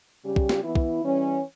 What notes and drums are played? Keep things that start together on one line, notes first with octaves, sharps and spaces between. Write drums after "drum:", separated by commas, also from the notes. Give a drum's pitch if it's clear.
C#3 G3 C#4 G4
drum: kick
drum: snare
E3 B3 E4
drum: kick
E3 G3 C#4